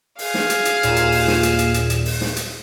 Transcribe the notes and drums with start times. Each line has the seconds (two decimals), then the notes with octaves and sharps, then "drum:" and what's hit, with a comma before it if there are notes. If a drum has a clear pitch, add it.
0.19 G#4 F5, drum: open hi-hat
0.34 drum: snare
0.50 drum: hi-hat
0.65 drum: hi-hat
0.83 D#2 A#2 E7, drum: hi-hat
0.96 drum: hi-hat
1.12 drum: open hi-hat
1.28 drum: snare
1.43 drum: hi-hat
1.59 drum: hi-hat
1.74 drum: hi-hat
1.90 drum: hi-hat
2.05 drum: open hi-hat
2.21 drum: snare
2.36 drum: hi-hat